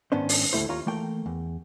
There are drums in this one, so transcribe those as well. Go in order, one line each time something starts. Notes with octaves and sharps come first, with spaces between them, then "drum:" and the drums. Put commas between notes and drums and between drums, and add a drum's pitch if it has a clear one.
G#2 D#3 B3 C#4 D4 C5
drum: open hi-hat
D2 G2 A3 E4 C5
D#2 F4 C#5 A#5
E3 A3 A#3 G5
E2